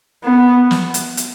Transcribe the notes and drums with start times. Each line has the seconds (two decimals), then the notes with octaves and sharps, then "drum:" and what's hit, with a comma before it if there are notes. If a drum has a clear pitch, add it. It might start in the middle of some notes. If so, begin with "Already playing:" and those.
0.24 B3
0.71 drum: snare
0.94 drum: hi-hat
1.17 drum: hi-hat